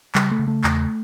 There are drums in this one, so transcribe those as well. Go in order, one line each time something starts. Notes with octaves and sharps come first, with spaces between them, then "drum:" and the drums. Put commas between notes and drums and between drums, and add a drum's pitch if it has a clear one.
C#3 G3, drum: clap
A3
C#3
A3
E2, drum: clap